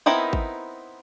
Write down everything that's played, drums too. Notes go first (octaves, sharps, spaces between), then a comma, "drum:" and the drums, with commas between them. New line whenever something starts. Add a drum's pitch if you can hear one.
B3 C4 D#4 E4 A#4
drum: kick G#1